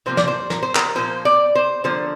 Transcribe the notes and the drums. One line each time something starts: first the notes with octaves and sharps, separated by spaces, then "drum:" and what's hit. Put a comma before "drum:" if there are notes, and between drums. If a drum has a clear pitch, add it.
C3 F3 A#3 C5
D5, drum: snare
C5
A#4, drum: snare
C5
A#4, drum: clap
A#2 F3 A#3 C5
D5
C5
D3 F3 A#3 C5